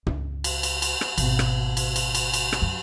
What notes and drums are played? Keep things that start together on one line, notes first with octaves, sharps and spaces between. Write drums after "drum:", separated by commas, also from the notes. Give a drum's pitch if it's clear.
C#2, drum: tom
drum: cymbal
drum: cymbal
drum: cymbal
drum: rim click
G#1 B2, drum: cymbal
drum: rim click
drum: cymbal
drum: cymbal
drum: cymbal
drum: cymbal
drum: rim click
F#2